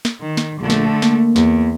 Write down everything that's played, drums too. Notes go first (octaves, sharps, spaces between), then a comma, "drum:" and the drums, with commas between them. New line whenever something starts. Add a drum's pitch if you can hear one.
drum: snare
D#3
drum: snare
A#1 D3 A3
drum: snare
A#3, drum: snare
E2, drum: snare